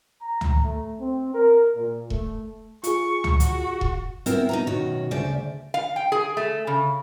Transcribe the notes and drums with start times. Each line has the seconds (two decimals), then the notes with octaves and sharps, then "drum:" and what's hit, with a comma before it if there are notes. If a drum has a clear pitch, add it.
0.22 A#5
0.41 drum: tom
0.63 A3
1.00 C4
1.34 A#4
1.76 A#2
2.10 A3, drum: kick E1
2.84 F4 G#4 C#6, drum: hi-hat
3.24 drum: tom
3.40 F#4, drum: hi-hat
3.81 drum: kick E1
4.26 B3 C4 E4 A#4, drum: hi-hat
4.49 D#4 B4 A#5
4.67 F#2 B2 D#3 F#4 C#5
5.11 D2 C#3 C5 D5 E5
5.74 F5
5.96 G5
6.12 G#4
6.37 A3
6.67 C#3